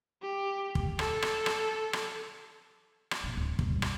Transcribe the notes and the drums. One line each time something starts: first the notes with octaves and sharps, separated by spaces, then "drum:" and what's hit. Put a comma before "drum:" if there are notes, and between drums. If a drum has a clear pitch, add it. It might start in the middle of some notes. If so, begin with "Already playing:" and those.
G4
drum: kick
A4, drum: rim click
drum: rim click
drum: rim click
drum: rim click
drum: rim click
A#2 E3
D1
B1 G2, drum: kick
drum: rim click